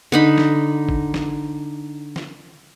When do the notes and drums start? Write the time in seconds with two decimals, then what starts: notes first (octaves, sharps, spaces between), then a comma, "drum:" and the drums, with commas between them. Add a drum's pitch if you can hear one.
0.12 D3 D#4 B5
0.38 drum: snare
0.89 drum: kick G1
1.14 drum: snare
2.16 drum: snare